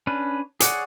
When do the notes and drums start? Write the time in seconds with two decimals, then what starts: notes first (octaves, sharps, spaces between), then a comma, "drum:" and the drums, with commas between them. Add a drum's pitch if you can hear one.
0.07 C#4 D4 B4
0.60 G#4 C#5 D5 F#5, drum: hi-hat